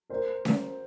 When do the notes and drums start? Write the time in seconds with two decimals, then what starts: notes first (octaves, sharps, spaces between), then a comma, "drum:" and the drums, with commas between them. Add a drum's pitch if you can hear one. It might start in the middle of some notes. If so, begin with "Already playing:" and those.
0.10 A#4 C5
0.45 drum: snare C#4